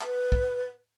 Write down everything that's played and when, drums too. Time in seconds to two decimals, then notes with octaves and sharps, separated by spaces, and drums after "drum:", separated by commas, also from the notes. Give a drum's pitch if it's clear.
0.01 B4, drum: clap
0.32 drum: kick